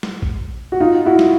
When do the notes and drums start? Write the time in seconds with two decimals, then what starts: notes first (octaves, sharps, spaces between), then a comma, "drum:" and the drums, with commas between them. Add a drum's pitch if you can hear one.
0.03 drum: snare
0.22 drum: kick A1
0.72 F#4
0.80 D#4 F4
1.06 E4 F#4
1.19 drum: snare